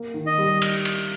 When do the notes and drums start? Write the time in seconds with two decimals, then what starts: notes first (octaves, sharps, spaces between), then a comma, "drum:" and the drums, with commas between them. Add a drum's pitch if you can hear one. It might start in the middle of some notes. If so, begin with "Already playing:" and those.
Already playing: A#3
0.14 D#3
0.26 D#5
0.38 G3
0.62 drum: cymbal
0.85 drum: cymbal